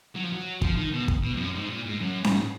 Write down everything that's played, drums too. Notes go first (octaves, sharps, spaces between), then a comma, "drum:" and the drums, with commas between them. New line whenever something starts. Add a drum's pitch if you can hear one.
F#3
F3
F#3
F3, drum: kick
D#3
B2
drum: kick
B2
F2
F#2
G#2
A#2
G#2
F#2
A#2, drum: snare C#4
G#2